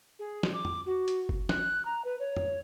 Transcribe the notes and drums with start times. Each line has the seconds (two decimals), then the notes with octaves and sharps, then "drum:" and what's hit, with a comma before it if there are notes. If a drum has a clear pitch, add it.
0.19 G#4
0.43 drum: snare
0.53 D6
0.65 drum: tom
0.86 F#4
1.08 drum: hi-hat
1.29 drum: kick F#1
1.49 F#6, drum: snare
1.85 A#5
2.05 B4
2.20 C#5
2.36 drum: tom